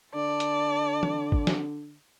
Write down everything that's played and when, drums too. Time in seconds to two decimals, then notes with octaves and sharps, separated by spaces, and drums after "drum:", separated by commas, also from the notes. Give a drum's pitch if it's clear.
0.15 D3 D5 A5
0.40 drum: hi-hat
1.03 drum: tom E3
1.32 drum: kick
1.47 drum: snare